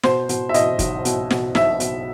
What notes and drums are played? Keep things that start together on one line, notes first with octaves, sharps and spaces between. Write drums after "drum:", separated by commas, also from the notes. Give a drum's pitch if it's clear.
B2 C5, drum: snare
B2, drum: hi-hat
E5
B2 D#5, drum: hi-hat
B1, drum: kick F#1, hi-hat
B2, drum: hi-hat
B2, drum: snare
B1 E5, drum: snare
B2, drum: hi-hat